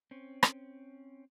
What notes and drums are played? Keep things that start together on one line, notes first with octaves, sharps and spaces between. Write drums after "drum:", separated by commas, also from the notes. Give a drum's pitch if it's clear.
C4 C#4
drum: rim click